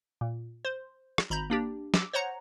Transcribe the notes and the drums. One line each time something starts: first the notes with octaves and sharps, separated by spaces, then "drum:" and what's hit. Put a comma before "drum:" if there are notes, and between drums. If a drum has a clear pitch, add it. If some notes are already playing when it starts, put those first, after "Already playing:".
A#2
C5
drum: rim click
G#1 A#5 B5 G6
A#3 D4 G4
D6 E6, drum: snare
C5 C#5 F#5 A#5